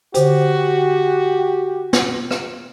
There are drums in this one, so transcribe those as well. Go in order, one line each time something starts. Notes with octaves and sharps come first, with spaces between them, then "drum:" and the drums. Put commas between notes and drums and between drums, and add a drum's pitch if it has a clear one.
D3 F#4 G4 C5, drum: hi-hat
drum: snare
drum: rim click